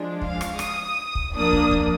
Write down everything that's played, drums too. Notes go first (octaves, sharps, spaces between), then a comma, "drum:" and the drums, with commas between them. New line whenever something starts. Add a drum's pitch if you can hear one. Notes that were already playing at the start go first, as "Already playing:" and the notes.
Already playing: F3 G#3 D4
F5, drum: kick
drum: rim click
D#6, drum: rim click
drum: kick
F3 A#3 D4 D#6
drum: kick
drum: kick